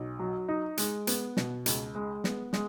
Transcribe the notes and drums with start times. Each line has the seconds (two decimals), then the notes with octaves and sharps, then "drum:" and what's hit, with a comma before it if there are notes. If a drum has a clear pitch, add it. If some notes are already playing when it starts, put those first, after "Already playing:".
Already playing: B1
0.19 F#3
0.49 D#4
0.77 G#3, drum: hi-hat
1.07 B3, drum: hi-hat
1.37 B2, drum: snare
1.66 C#2, drum: hi-hat
1.95 G#3
2.24 B3, drum: snare
2.53 G#3, drum: snare